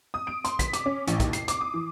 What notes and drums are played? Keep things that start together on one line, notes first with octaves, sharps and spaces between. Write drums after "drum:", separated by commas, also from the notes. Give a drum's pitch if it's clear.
D#6
D7
C6, drum: hi-hat
B6, drum: kick, hi-hat
D6, drum: hi-hat
C#4
A1, drum: hi-hat
D#2, drum: kick, hi-hat
C7, drum: hi-hat
D6, drum: hi-hat
D#6
E3